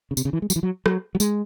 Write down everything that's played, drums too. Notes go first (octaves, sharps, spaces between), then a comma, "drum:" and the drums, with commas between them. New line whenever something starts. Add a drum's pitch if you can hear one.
C#3
C3, drum: tambourine
C#3
E3
G#3
F#3, drum: tambourine
E3
F#3
F#3, drum: rim click
F#3
G#3, drum: tambourine